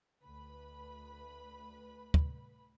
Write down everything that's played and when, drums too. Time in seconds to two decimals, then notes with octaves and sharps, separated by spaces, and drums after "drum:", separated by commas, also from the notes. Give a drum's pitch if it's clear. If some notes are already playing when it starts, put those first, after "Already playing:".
0.23 D2 B4 B5
2.14 drum: kick